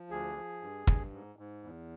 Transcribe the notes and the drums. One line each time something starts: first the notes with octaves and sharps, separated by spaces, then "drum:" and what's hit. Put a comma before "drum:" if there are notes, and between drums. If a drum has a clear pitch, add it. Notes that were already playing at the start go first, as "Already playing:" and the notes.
Already playing: F3
D2 G#4
F3
G2
G2, drum: kick
G#2
G#2
E2